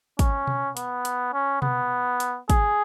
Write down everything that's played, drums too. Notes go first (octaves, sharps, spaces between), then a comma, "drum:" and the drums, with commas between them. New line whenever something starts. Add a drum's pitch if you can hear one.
C#4, drum: kick, hi-hat
drum: tom B2
B3, drum: hi-hat
drum: hi-hat
C#4
B3, drum: tom B2
drum: hi-hat
G#4, drum: kick, hi-hat